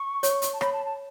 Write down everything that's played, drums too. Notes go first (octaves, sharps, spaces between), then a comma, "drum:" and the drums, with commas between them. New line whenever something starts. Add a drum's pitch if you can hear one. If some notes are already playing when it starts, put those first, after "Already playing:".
Already playing: C#6
C#5, drum: hi-hat
drum: hi-hat
A5
C#5 B5, drum: rim click
A5
A5